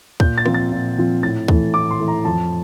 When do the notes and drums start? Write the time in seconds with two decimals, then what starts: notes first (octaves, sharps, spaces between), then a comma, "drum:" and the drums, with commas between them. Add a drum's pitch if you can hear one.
0.20 A#2 G6, drum: kick D2
0.38 A6
0.46 F3 C4 F4, drum: rim click
0.54 A6
0.72 A#2
0.97 F3 C4 F4
1.23 A2 A6
1.48 E3 A3, drum: kick D2
1.74 A2 D6
1.91 C6
2.00 E3 A3
2.08 A#5
2.25 F2 A5